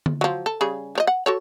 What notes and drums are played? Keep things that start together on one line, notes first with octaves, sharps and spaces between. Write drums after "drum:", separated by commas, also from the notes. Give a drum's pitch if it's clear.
drum: tom D3
F3 F#3
A4
C#3 G3 G#4
F3 C#5 D#5
F#5
F#4 A4 C#5